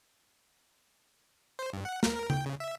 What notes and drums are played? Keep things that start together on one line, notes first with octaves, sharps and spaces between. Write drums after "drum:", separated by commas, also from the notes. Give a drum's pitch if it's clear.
C5
G2
F#5
A#4, drum: snare
A#4
G5, drum: tom C#3
C#3
E5